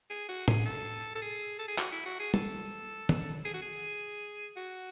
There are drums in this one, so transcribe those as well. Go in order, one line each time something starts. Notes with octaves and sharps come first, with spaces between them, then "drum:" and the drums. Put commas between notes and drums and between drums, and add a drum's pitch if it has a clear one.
G#4
F#4
G#4, drum: tom
A4
A4
G#4
A4
G#4
F#4, drum: clap
E4
F#4
G#4
A4, drum: tom
drum: tom
G#4
F#4
G#4
F#4